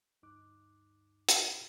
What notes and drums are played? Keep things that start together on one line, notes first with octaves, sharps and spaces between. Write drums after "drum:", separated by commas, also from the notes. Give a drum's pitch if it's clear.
D2 G2 D#4 D6 F#6
drum: hi-hat